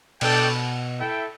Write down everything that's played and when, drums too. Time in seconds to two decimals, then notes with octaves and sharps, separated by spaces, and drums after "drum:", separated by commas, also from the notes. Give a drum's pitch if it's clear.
0.21 B2 D4 A4 D5 G5, drum: cymbal
0.99 E4 A4 E5 G5